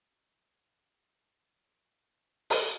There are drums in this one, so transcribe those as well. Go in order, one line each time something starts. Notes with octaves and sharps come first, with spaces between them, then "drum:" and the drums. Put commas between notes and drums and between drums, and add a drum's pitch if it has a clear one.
C#3 F3 C#4 D#5 G5 C#6
drum: open hi-hat